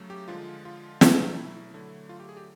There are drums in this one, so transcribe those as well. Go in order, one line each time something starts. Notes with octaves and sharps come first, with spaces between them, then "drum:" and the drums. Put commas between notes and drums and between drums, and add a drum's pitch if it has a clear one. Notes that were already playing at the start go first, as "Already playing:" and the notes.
Already playing: C#3 F#3 A3
G4
D3 F3 G#3 F4
F4
B2 F#3 A3, drum: snare
E4
D3 F#3 A3
F4
G4
G#4
G4